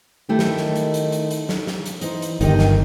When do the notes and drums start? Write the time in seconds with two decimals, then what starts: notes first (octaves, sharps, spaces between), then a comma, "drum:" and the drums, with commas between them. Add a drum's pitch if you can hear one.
0.29 D#3 A3 E4 G4
0.39 drum: snare
0.57 drum: snare
0.76 drum: hi-hat
0.94 drum: hi-hat
1.12 drum: hi-hat
1.31 drum: hi-hat
1.49 drum: snare
1.67 drum: snare
1.86 drum: hi-hat
2.01 E3 D#4 C5, drum: hi-hat
2.22 drum: hi-hat
2.41 G1 D#3 D#4 G4 D#5, drum: hi-hat
2.59 drum: snare